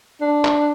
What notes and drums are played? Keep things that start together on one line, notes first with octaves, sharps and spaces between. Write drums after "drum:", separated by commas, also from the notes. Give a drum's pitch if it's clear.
D4
drum: clap